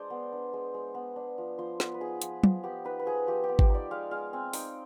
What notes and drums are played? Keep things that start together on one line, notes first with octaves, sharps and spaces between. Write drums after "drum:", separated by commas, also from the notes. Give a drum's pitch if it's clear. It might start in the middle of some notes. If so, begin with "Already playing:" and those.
Already playing: G#3 D4 C5 D5
B3
D4
G#3
G#3
B3
D4
F3
F3 C5
B3 B4, drum: snare
B4
D#4 G#4
F3, drum: hi-hat
F3, drum: tom
B3 G4
D#4 B4
B4
F3 G#4
F3 G4
B3 G4
G4, drum: kick G#1
D#4 D5
G#3 F5
G#3 F5
C4 G#5
D#4 G5, drum: open hi-hat